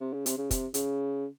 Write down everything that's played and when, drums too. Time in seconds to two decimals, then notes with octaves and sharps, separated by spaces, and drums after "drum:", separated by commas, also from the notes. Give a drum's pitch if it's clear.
0.01 C3
0.13 C#3
0.26 C3, drum: hi-hat
0.38 C#3
0.51 C3, drum: kick, hi-hat
0.74 C#3, drum: hi-hat